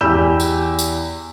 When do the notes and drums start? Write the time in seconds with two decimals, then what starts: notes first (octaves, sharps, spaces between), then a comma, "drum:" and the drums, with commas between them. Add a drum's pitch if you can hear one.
0.01 E2 G4 B5 E6 G6 E7
0.40 drum: tambourine
0.79 drum: tambourine